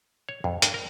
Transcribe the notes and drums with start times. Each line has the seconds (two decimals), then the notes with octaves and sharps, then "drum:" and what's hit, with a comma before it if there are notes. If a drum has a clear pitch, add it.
0.29 C#5
0.44 F2
0.62 G2, drum: hi-hat
0.74 A#4